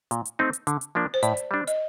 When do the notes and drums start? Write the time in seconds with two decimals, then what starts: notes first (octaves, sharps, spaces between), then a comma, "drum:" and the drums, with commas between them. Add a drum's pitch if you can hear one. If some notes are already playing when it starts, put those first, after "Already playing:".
0.11 A#2, drum: hi-hat
0.25 drum: hi-hat
0.39 A3 C4 D#4
0.53 drum: hi-hat
0.67 D3, drum: hi-hat
0.81 drum: hi-hat
0.95 F3 A#3 D4
1.14 C5
1.23 A2 D5, drum: hi-hat
1.37 drum: hi-hat
1.51 G3 D4
1.67 D#5, drum: hi-hat